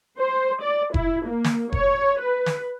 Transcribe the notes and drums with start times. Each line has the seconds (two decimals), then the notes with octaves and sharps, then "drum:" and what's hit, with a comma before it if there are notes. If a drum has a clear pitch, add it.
0.20 C5
0.63 D5
0.94 E4, drum: kick F1
1.26 A#3
1.44 drum: snare
1.73 C#5, drum: kick F1
2.21 B4
2.46 drum: snare